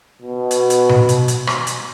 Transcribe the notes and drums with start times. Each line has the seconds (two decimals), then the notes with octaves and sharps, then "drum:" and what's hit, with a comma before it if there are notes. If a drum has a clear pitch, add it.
0.22 B2
0.51 drum: hi-hat
0.70 drum: hi-hat
0.89 drum: tom B2
1.09 drum: hi-hat
1.28 drum: hi-hat
1.47 drum: rim click
1.67 drum: hi-hat